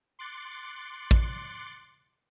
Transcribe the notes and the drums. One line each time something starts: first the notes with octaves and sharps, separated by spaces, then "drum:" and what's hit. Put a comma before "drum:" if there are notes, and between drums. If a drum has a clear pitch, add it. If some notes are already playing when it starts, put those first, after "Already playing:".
C6 D6 F#6 A6 C#7
drum: kick A1